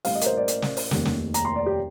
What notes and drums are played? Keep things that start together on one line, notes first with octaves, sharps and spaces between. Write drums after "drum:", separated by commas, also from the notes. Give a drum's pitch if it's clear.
A1 A2 G3 F5, drum: open hi-hat
D#5
A#4, drum: hi-hat
C5
D5
drum: hi-hat
drum: snare
drum: open hi-hat
F1 D#2 D#3 G3, drum: snare
drum: snare
A#5, drum: hi-hat
C6
D5
G4